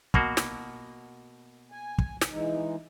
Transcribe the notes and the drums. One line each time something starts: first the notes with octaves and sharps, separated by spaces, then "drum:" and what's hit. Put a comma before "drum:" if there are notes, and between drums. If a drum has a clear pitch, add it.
B2 A#3 F#4, drum: kick
drum: snare
G#5
drum: kick
drum: snare
E3 G#3 D#4